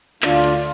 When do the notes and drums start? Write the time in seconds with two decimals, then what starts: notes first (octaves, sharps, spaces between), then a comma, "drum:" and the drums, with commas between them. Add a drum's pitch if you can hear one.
0.22 D2 D3 A3 D4 F4, drum: clap
0.44 drum: cymbal